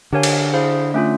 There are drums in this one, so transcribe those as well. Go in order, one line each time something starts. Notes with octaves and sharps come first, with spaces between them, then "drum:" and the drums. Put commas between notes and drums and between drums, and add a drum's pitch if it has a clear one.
D3 G4 A#4 C#5 F5 G#5
drum: cymbal
E4 G#4 C5 F5
A3 C#4 F4